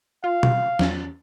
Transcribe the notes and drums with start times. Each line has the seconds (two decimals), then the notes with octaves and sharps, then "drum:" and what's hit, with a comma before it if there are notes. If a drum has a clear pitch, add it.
0.24 F4 F5
0.43 drum: tom B2
0.79 E2 C#4 A6, drum: snare